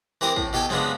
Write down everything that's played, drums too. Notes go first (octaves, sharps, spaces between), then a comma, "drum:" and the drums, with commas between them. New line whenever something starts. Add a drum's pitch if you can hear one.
E3 C4 G4 A#4 C5 D#6
A2, drum: kick
B2 G4 A4 G5 G#5 D6
C#3 F3 G#3 B3 D4, drum: snare